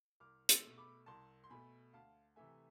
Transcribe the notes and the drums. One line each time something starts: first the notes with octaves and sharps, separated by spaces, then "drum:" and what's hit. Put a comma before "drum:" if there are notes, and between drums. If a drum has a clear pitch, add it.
C2 D6 F6
C6 E6, drum: hi-hat
B2 A3
B5 D6
C2 A5 C6
C6
B2 A3 G#5 B5
D2 F5 A5
C3 E3 A3 E5 G#5